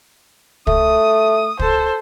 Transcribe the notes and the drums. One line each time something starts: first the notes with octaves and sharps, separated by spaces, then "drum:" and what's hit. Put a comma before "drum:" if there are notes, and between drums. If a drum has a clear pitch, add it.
A3 D#6, drum: kick
A4 C5, drum: kick